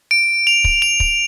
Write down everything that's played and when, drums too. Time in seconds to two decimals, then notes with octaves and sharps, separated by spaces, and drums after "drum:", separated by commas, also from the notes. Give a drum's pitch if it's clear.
0.11 D7
0.47 F7
0.64 drum: kick
0.82 F7
1.00 drum: kick